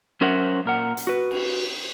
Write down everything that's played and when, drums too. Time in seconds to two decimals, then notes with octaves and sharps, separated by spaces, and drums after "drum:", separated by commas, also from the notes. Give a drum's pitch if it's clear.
0.21 F#3 C#4 A#4 C5 E5 F#5
0.66 A#2 A#4 F#5
0.97 drum: hi-hat
1.07 F#4 B4
1.31 drum: cymbal